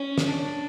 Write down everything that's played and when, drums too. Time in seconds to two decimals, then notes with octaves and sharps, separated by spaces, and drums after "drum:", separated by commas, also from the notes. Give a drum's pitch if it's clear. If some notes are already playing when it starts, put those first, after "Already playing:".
Already playing: C#4
0.18 drum: snare
0.27 D4